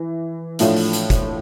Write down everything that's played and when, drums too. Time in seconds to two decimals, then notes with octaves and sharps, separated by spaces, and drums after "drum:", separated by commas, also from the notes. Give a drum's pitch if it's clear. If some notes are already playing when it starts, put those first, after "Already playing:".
Already playing: E3
0.59 A2 F3 A3 D4, drum: hi-hat
0.76 drum: open hi-hat
0.93 drum: hi-hat
1.10 drum: kick F1, hi-hat